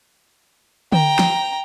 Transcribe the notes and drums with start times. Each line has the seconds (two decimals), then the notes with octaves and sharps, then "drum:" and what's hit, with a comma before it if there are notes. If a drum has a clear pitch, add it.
0.92 G5 A#5, drum: tom D3
1.19 drum: snare